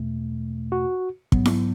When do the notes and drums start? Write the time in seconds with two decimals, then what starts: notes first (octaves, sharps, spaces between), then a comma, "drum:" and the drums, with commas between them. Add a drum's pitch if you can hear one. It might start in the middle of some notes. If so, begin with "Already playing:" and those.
Already playing: E2 B2 A3
0.72 F#4
1.32 G#2 F#3 B3, drum: kick
1.45 drum: snare E4